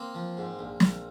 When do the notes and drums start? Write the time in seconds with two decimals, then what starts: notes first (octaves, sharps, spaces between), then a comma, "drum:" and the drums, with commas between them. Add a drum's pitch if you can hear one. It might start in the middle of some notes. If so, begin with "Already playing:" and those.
Already playing: A#3 C4
0.14 F3
0.37 G#2
0.59 A#1
0.80 A#1, drum: snare